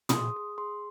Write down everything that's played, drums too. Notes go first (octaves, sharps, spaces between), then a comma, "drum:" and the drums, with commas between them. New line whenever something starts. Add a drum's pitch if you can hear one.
D#6, drum: tom
G#4 C6
G#4 D#6
G#4 C6